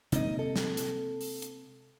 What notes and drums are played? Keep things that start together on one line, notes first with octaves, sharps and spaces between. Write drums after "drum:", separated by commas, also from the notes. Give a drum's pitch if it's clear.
C3 G#3 A#3 D#4 D#5, drum: hi-hat
A4
drum: snare
drum: hi-hat
drum: open hi-hat
drum: hi-hat